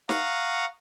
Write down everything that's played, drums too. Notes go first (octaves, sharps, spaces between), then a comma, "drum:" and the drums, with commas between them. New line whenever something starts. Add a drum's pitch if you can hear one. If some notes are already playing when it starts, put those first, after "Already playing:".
F5 F#5 A#5 C#6 D#6, drum: snare